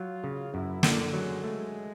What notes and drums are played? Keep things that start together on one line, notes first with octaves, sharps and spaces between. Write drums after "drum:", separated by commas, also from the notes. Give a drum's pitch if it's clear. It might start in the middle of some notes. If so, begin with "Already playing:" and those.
Already playing: F#3 F4
C#3
F#2 E4
D3 A#3, drum: snare
F#3 G#3
G#3 A3